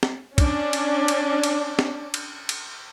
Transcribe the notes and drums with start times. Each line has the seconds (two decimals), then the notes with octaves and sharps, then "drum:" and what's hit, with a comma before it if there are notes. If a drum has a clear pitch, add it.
0.03 drum: snare
0.38 C#4 D4, drum: kick, cymbal
0.73 drum: cymbal
1.08 drum: cymbal
1.43 drum: cymbal
1.79 drum: snare
2.14 drum: cymbal
2.49 drum: cymbal